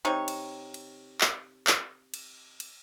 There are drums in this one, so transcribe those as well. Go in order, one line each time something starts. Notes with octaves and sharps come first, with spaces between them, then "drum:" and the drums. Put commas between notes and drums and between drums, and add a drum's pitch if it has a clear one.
C3 D#4 C#5
drum: cymbal
drum: cymbal
drum: clap
drum: clap
drum: cymbal
drum: cymbal